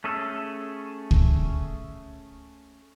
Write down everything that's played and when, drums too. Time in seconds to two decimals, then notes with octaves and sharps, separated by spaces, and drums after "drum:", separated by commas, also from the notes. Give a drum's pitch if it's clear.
0.04 A3 C#4 G#4 A4
1.11 drum: kick